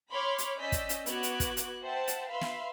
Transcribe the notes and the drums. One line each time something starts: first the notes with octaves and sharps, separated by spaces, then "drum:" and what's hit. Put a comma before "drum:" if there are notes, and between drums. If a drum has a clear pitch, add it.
C#5 B5 C6 D6 F6
drum: hi-hat
C#4 D5 D#5 E6 G6 B6
drum: kick, hi-hat
drum: hi-hat
B3 F#4 D6 F#6 G#6, drum: hi-hat
drum: hi-hat
drum: kick, hi-hat
drum: hi-hat
C5 E5 F#5 G5 A5
drum: hi-hat
B4 E5 F5 B5 C6
drum: snare